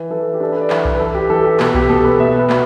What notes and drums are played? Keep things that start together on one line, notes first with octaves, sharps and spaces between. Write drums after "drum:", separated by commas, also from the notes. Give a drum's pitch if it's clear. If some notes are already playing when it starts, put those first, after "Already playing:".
Already playing: E3
E3 A4
G4
D4 A4
B4
D5
E3 E5, drum: clap
drum: kick B1
B4
E3 A4
G4
E3 A4
G4
B2 A4, drum: clap
G4, drum: kick B1
B2 A4
B4
B2 E5
B4
B2, drum: clap